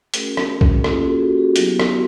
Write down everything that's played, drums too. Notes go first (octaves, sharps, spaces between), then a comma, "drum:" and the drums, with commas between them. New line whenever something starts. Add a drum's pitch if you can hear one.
A3 C#4 F#4 G#4 A#4, drum: hi-hat
drum: rim click
drum: kick
A#3 C#4 F4 G4 A4, drum: rim click
F#4 G#4
F#4 G#4
F#4 G#4
F#3 B3 E4 G4, drum: hi-hat
drum: rim click
F#4